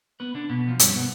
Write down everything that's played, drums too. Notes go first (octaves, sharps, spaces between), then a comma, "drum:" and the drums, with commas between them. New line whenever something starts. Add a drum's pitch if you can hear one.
B3 B4
D3 D4
B2 B3
F3
G2 G3, drum: hi-hat
B2 B3